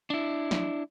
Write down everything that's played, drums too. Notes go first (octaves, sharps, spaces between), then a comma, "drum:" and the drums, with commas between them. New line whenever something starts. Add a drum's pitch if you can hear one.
D4 E4
drum: snare